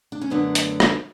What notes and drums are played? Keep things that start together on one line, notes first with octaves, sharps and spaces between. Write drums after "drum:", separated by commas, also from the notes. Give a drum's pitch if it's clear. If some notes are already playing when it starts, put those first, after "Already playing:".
D4
C#4
F#2 D3 F#3 A3 B3 D4
drum: hi-hat
drum: rim click